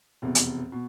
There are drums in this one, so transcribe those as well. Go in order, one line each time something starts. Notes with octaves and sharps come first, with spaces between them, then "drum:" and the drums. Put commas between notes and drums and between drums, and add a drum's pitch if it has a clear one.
F1 E2 B2
drum: hi-hat
B2